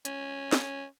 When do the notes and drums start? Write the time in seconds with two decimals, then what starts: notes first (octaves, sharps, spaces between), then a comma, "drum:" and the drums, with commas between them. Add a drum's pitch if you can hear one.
0.05 C#4, drum: hi-hat
0.53 drum: snare